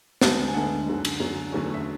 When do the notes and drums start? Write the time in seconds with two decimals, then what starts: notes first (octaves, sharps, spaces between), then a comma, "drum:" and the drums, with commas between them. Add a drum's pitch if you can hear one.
0.21 D2 D3 G#3 B3 F#5 A5, drum: snare
0.48 G#5
0.54 D2 D3 G#3 B3 F#5 A5
0.87 F#2 D3 F#3
1.05 drum: cymbal
1.20 F#2 D3 F#3
1.52 E2 D3 F#3 A3 C#4
1.74 E5